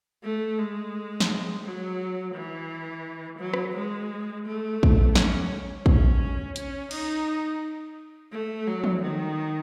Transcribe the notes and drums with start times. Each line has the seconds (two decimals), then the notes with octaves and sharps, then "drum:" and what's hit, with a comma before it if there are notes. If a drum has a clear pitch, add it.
0.23 A3
0.58 G#3
1.20 drum: snare
1.64 F#3
2.34 E3
3.39 F#3
3.54 drum: rim click
3.75 G#3
4.45 A3
4.83 drum: kick
5.15 C#4, drum: snare
5.86 C#4, drum: kick
6.56 C#4, drum: hi-hat
6.91 D#4, drum: cymbal
8.32 A3
8.67 F#3
8.84 drum: tom
9.02 D#3